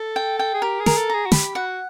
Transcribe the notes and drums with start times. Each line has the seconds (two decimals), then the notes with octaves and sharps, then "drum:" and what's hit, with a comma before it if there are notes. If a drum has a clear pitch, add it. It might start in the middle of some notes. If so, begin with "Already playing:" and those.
Already playing: A4
0.16 G5
0.39 G5
0.54 G#4
0.62 G4 A#4
0.80 G#4
0.86 A#4, drum: snare
0.97 A4
1.10 G#4 A#5
1.26 F#4
1.32 G4 B5, drum: snare
1.55 F#4 F#5